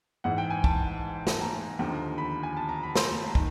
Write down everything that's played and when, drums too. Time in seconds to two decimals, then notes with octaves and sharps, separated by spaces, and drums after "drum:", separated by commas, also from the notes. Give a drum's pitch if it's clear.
0.24 G#2 E3 F#5
0.38 G5
0.50 G#5
0.64 A5, drum: kick
1.27 drum: snare
1.42 A#5
1.79 D#2 D3 F3
2.18 B5
2.43 G#5
2.57 A5
2.69 A#5
2.83 B5
2.96 C6, drum: snare
3.28 A#5
3.35 D#3, drum: kick